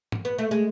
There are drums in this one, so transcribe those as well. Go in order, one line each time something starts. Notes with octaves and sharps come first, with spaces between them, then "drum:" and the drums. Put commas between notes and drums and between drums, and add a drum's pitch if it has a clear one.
drum: tom G#2
B3
A3
G#3